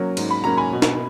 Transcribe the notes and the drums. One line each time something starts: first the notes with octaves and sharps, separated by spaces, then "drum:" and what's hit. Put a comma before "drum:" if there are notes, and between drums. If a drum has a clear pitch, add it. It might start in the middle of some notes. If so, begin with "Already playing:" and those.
Already playing: F#3 A#3 C#4
G#2, drum: cymbal
B5
F#3 A#3 C#4 A#5
G#5 B5
B2
drum: snare